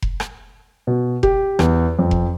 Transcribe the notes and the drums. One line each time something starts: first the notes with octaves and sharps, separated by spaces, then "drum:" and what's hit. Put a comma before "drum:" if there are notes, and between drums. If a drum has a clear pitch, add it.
drum: kick F1
drum: rim click
B2
G4, drum: kick F1
E2, drum: rim click
F2
drum: kick F1